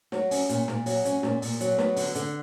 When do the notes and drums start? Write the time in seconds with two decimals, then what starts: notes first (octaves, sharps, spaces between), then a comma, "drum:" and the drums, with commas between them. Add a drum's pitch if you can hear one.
0.12 F#3, drum: snare
0.31 C#4, drum: open hi-hat
0.49 A#2, drum: hi-hat
0.68 A#2, drum: snare
0.86 F#3, drum: open hi-hat
1.05 C#4, drum: hi-hat
1.23 A#2, drum: snare
1.42 A#2, drum: open hi-hat
1.61 F#3, drum: hi-hat
1.78 B3, drum: snare
1.96 D3, drum: open hi-hat
2.15 D3, drum: hi-hat